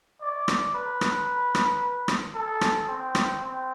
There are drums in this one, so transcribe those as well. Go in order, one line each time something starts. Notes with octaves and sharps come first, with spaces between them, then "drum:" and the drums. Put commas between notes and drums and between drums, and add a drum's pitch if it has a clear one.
D5
drum: rim click
B4
drum: rim click
drum: rim click
drum: rim click
A4
drum: rim click
C4
drum: rim click
C4